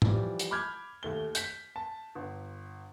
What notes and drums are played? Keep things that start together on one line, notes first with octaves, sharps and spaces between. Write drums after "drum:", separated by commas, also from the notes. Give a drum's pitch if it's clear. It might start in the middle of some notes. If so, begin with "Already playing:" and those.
E3 F3 G3, drum: tom
drum: hi-hat
B5 D6 F6 G6 G#6
D#2 A3 G7
G6 B6, drum: hi-hat
A5
G1